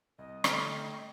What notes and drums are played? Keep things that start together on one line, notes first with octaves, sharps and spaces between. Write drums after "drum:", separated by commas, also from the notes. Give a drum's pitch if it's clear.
C2 D#5
D3 A3 G5 A#5 F6, drum: rim click